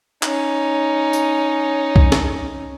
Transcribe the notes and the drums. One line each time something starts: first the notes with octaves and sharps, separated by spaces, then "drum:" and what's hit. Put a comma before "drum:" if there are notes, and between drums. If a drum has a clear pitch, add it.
C#4 D#4, drum: clap
drum: tambourine
drum: kick B1
drum: snare